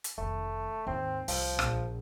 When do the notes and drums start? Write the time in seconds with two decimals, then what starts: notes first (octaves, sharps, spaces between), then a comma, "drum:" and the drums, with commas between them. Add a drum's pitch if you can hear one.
0.04 drum: hi-hat
0.18 F1 D#3 A3
0.87 D#2 G#2 C4
1.28 C2 F3, drum: open hi-hat
1.59 A#1, drum: rim click